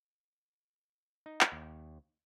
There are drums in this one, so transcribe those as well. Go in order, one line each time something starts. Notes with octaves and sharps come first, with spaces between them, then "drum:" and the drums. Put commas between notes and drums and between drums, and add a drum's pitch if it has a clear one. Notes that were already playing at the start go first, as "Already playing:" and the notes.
D#4
drum: clap
D#2